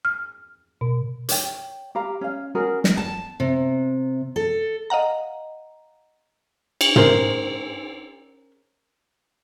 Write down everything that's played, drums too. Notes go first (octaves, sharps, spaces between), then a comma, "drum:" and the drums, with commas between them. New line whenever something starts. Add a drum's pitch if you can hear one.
F6
B2
C#5 G5, drum: hi-hat
G4 F5 A#5
C#4 F5
C#4 F#4 G#4 A#4
drum: snare
A5
C3
A4
D#5 F5 F#5 A#5
drum: cymbal
C#4 G#4 A#4 C5, drum: tom